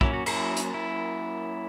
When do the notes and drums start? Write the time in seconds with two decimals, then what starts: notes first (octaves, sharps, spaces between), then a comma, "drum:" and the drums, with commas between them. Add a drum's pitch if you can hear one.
0.01 F#3 A#3 C#4 E4, drum: kick
0.13 F#4
0.26 E4, drum: cymbal
0.56 drum: hi-hat
0.74 E4